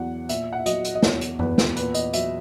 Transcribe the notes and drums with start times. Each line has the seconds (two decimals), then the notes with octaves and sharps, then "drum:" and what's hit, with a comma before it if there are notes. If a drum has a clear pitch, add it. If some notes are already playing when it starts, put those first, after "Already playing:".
Already playing: E2 F#3 F#5
0.29 A#2 E5, drum: hi-hat
0.53 F#5
0.59 E5
0.66 F#3 D#5, drum: hi-hat
0.84 drum: hi-hat
0.95 D#5
1.02 E2 C#5, drum: snare
1.21 drum: hi-hat
1.39 E2 B4, drum: tom F#2
1.58 drum: snare
1.76 A#2 B4, drum: hi-hat
1.94 D#5, drum: hi-hat
2.13 F#3 E5, drum: hi-hat